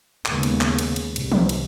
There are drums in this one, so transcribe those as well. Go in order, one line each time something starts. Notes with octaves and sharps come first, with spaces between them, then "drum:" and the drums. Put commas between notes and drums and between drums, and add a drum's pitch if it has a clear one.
D#2 C#3 G#3 B3, drum: clap
drum: cymbal
drum: clap
drum: cymbal
drum: cymbal
C2, drum: cymbal
drum: tom
drum: cymbal